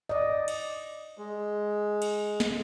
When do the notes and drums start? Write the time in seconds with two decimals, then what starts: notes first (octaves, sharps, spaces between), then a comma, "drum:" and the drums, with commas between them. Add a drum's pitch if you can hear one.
0.09 D5 D#5
0.48 drum: cymbal
1.18 G#3
2.02 drum: cymbal
2.40 drum: snare